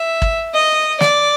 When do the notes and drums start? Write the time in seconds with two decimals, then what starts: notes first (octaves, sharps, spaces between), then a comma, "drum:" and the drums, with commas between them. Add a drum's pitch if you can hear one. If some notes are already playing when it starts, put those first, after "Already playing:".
Already playing: E5
0.22 drum: kick
0.55 D#5
1.00 D5, drum: snare